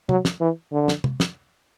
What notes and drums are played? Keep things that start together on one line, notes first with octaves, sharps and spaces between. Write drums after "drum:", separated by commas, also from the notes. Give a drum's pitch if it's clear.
F#3, drum: tom C3
drum: snare
E3
D3
drum: snare
drum: tom C3
drum: snare